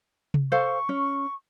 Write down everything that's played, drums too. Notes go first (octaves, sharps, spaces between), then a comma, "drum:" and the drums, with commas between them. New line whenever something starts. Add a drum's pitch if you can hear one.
drum: tom C3
A4 C5 F5 C#6
C#4